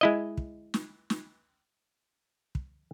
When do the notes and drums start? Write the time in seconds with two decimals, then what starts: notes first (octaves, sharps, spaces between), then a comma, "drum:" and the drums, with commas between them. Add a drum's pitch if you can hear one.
0.01 G#3 E4 D#5
0.37 drum: kick
0.74 drum: snare
1.10 drum: snare
2.55 drum: kick